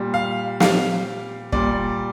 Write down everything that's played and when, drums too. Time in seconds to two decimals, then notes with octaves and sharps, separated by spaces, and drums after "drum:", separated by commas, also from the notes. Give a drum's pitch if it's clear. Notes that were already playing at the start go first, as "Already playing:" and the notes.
Already playing: A#2 G3
0.14 F5
0.60 F5, drum: snare
1.52 A#2 G3 D5, drum: kick